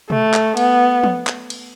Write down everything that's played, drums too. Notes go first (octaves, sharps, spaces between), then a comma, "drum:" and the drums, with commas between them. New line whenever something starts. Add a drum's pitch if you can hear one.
A3, drum: tom B2
drum: clap
B3, drum: cymbal
drum: tom F3
drum: clap
drum: cymbal